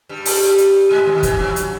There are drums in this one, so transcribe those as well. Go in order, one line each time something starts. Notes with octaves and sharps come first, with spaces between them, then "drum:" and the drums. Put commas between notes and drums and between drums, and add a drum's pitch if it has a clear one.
G2 G3
drum: open hi-hat
drum: hi-hat
G#2 G#3
E2 E3
D#2 D#3
E2 E3, drum: kick, hi-hat
F#2 F#3
F#3, drum: hi-hat